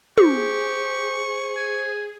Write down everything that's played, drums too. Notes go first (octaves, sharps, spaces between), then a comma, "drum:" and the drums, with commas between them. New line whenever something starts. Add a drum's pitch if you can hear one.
G4 G#4 C5 C#6, drum: tom
G#5